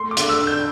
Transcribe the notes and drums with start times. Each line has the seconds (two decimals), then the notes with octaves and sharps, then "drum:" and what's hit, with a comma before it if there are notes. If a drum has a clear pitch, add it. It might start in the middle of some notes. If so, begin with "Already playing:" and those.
Already playing: A3 C6
0.11 D6
0.17 D3, drum: hi-hat
0.29 E6
0.41 D4
0.47 G6